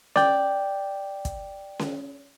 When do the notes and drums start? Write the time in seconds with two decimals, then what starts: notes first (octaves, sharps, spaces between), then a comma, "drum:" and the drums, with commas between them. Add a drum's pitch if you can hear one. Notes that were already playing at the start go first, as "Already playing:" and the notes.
0.16 D5 G5, drum: snare C#4
1.25 drum: kick, hi-hat
1.79 drum: snare C#4